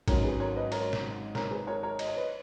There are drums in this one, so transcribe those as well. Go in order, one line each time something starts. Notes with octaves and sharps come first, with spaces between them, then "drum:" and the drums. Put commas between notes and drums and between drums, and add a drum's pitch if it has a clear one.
G#1 G#2 F#3 C#4 A#4 C#5, drum: kick A1, cymbal
G#4 B4
A#4 C#5
B4 D#5
A#4 C#5, drum: cymbal
drum: snare
A#4 C#5, drum: snare
G#4 B4
A#4 C#5
A#4 C#5
D#5, drum: cymbal
C#5
B4 D#5